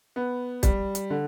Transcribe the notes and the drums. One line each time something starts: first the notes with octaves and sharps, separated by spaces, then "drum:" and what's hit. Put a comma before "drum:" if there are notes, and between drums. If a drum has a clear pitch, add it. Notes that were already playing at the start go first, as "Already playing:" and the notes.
B3
G3, drum: kick, hi-hat
drum: hi-hat
D3